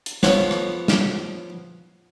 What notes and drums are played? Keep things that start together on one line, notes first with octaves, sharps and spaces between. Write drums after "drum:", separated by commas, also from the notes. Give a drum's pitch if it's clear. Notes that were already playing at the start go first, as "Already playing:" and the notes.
drum: hi-hat
F3 B3 B4 C#5, drum: snare
drum: rim click
drum: snare